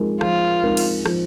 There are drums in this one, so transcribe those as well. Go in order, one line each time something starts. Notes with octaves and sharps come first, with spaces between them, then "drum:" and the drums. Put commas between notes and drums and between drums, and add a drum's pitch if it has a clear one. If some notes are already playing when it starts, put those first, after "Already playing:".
Already playing: F3 G#3 C4 D#4 A#4
F3 F4, drum: rim click
G#3 C4 D#4 A#4
drum: cymbal
F3, drum: rim click